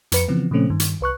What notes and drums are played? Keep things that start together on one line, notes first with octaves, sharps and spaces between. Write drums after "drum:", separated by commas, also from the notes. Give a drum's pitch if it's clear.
F2 B4 C#7, drum: hi-hat
C#3 E3 F3 B3 C4
A#2 C#3 F3 A3 C4 C#4
G2 D#3
drum: hi-hat
C2 B4 C#6 F#6